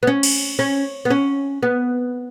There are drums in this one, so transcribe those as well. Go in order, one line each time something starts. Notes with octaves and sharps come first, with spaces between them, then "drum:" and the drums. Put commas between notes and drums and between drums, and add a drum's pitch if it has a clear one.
B3
C#4
drum: cymbal
C#4
B3
C#4
B3